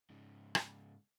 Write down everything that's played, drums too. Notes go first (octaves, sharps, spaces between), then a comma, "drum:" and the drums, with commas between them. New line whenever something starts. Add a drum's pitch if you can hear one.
G#2 C#3
drum: rim click